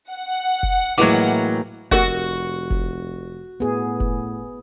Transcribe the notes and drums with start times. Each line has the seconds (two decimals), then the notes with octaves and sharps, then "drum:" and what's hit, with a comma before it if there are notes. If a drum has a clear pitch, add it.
0.11 F#5
0.63 drum: kick F1
0.98 A2 E3 F#3 G#3 A#3 F#4 D6
1.91 F1 F#4 G4 A#4 D#5, drum: kick F1
2.71 drum: kick F1
3.60 A2 B3 G#4
4.00 drum: kick F1